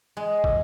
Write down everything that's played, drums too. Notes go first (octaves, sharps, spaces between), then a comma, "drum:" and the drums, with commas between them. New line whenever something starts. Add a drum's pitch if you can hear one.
G#3
drum: kick